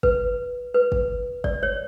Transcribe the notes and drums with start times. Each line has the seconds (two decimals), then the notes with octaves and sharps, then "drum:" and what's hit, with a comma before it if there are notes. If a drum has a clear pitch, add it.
0.03 B4, drum: kick
0.74 B4
0.92 drum: kick
1.44 D5, drum: kick
1.63 C#5